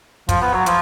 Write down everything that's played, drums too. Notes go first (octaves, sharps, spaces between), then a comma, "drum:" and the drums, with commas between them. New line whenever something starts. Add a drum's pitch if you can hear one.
F3, drum: kick, hi-hat
B3
F#3
F3, drum: hi-hat